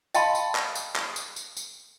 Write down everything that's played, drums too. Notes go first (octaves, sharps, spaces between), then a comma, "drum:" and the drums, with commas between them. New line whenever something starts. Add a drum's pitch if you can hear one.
D#5 F5 G5 A5 B5 C6, drum: tambourine
drum: tambourine
drum: clap
drum: tambourine
drum: clap
drum: tambourine
drum: tambourine
drum: tambourine